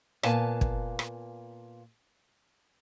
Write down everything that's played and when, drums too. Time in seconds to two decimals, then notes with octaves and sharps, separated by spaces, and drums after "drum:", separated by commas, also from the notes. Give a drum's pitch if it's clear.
0.23 A#2 B3 F5 G#5 A5, drum: rim click
0.61 drum: kick
0.99 drum: rim click